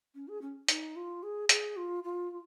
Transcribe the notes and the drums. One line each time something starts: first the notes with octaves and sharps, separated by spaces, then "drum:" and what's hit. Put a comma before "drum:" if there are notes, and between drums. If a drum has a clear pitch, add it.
C#4
G#4
C#4
D#4, drum: hi-hat
F4
G#4
G#4, drum: hi-hat
F4
F4
F4